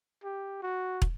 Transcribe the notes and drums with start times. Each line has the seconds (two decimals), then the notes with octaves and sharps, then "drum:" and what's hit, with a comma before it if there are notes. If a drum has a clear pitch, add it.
0.24 G4
0.63 F#4
1.02 drum: kick